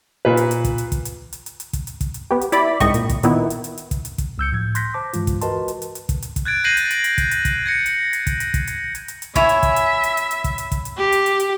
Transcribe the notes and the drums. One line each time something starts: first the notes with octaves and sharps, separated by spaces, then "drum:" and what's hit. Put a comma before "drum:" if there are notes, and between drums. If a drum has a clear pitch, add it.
A#2 B4
drum: hi-hat
drum: hi-hat
drum: kick, hi-hat
drum: hi-hat
drum: kick, hi-hat
drum: hi-hat
drum: hi-hat
drum: hi-hat
drum: hi-hat
drum: kick, hi-hat
drum: hi-hat
drum: kick, hi-hat
drum: hi-hat
B3 G4
drum: hi-hat
E4 D5 B5, drum: hi-hat
C2 G#2 D#5 G5 C#6, drum: kick, hi-hat
A#2, drum: hi-hat
drum: kick, hi-hat
A#2 D#3 B3 E4, drum: hi-hat
drum: hi-hat
drum: hi-hat
drum: hi-hat
drum: kick, hi-hat
drum: hi-hat
drum: kick, hi-hat
C#2 E6 G6 C#7
A2 F3 G6 G#6
C6 F#6 G6 A#6 B6, drum: hi-hat
C5 A5 D6
G2 E3 G#3 F4, drum: hi-hat
drum: kick, hi-hat
F#4 A#4 B4 D#5 A5 C6, drum: hi-hat
drum: hi-hat
drum: hi-hat
drum: hi-hat
drum: kick, hi-hat
drum: hi-hat
drum: kick, hi-hat
F#6 G#6 A6 D7
G6 G#6 A#6 C7 D#7 F#7
drum: hi-hat
drum: hi-hat
drum: hi-hat
drum: kick, hi-hat
drum: hi-hat
drum: kick, hi-hat
G#6 A#6 C#7
drum: hi-hat
drum: hi-hat
drum: kick, hi-hat
drum: hi-hat
drum: kick, hi-hat
drum: hi-hat
drum: hi-hat
drum: hi-hat
drum: hi-hat
E4 C#5 E5 G#5, drum: kick, hi-hat
drum: hi-hat
drum: kick, hi-hat
drum: hi-hat
drum: hi-hat
drum: hi-hat
drum: hi-hat
drum: kick, hi-hat
drum: hi-hat
drum: kick, hi-hat
drum: hi-hat
G4
drum: hi-hat
drum: hi-hat
drum: hi-hat